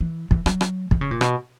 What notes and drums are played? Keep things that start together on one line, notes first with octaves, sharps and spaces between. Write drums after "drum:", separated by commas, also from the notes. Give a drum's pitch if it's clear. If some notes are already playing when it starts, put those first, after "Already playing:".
E3
E3, drum: kick
F#3, drum: rim click
drum: rim click
E3, drum: kick
C#3
A#2
B2, drum: rim click